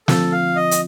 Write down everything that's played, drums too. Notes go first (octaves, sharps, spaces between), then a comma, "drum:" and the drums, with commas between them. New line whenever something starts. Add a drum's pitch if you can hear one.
D3 F3 C4 F4 A4, drum: snare
F5
D#5
drum: hi-hat